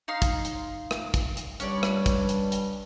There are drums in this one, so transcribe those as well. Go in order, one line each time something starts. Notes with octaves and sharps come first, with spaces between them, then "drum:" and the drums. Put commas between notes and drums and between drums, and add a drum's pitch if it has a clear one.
D#4 F5 C6
drum: kick, hi-hat
drum: hi-hat
drum: rim click
drum: kick, hi-hat
drum: hi-hat
G2 G3 C#4 C#5 D5, drum: hi-hat
drum: rim click
drum: kick, hi-hat
drum: hi-hat
drum: hi-hat